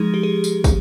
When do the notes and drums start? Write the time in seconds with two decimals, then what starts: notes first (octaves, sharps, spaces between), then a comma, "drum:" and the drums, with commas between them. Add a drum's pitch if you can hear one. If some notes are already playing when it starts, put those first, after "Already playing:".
Already playing: F3 G#3 D#4 G#4
0.14 G4
0.23 G#4
0.44 drum: tambourine
0.64 drum: kick, tambourine